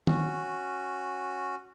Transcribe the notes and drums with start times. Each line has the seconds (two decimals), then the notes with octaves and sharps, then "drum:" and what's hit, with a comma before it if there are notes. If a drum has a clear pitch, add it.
0.07 C#4 F#4, drum: tom